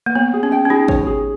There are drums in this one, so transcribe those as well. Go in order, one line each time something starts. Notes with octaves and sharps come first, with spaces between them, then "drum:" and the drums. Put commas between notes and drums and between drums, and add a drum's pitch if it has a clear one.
A#3
B3 C#5
G#4
C#4
G5
C#4
D#4 G#4
C#5, drum: kick
G#4